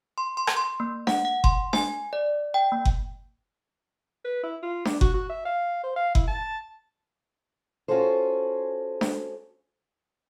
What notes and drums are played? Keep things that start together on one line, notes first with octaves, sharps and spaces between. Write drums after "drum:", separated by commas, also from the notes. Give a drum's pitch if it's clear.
C6
C6
drum: rim click
C6
A#3
F#5, drum: snare D4
F#5
C6, drum: kick F#1
G#5, drum: snare D4
D5
G5
A#3
drum: kick F#1
B4
E4
F4
D4, drum: snare D4
F#4, drum: kick F#1
F#4
E5
F5
C5
F5
E4, drum: kick F#1
A5
C#4 F4 F#4 G#4 A4 C5
drum: snare D4